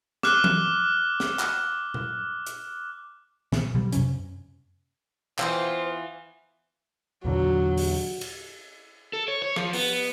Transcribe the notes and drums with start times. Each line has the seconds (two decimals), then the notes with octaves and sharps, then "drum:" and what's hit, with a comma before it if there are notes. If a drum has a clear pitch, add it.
0.23 D6 F6 F#6, drum: snare
0.44 drum: tom E3
1.20 drum: snare
1.39 drum: clap
1.94 drum: tom A#2
2.47 drum: hi-hat
3.52 A#2 D#3 F3 B3, drum: snare
3.74 B2 F#3 G3
3.93 F#2 C3 C#4, drum: hi-hat
5.39 E3 B3 F4 C5 F5 G5, drum: clap
7.25 E2 A#2 D3 F#3
7.78 drum: open hi-hat
8.21 drum: cymbal
9.13 A4
9.28 C#5
9.42 C#5
9.56 F3, drum: rim click
9.73 B3, drum: open hi-hat